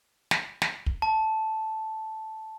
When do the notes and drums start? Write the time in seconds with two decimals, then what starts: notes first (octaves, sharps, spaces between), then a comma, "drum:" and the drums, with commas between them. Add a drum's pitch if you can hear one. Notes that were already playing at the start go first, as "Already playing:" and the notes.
0.31 drum: snare
0.62 drum: snare
0.86 drum: kick
1.02 A5